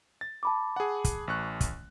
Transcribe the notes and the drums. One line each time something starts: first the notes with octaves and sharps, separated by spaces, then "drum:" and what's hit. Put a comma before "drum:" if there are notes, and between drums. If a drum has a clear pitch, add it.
A6
A5 B5 D6
G#4 F#5
drum: kick, hi-hat
A1 C#6 F#6
drum: kick, hi-hat